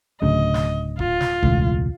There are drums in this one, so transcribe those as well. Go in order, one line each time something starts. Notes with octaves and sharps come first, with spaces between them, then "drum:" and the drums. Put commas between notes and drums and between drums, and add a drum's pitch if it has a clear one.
D1 D2 C#3 D#5
drum: snare
F4, drum: kick
drum: snare
E1 C#2 A2, drum: kick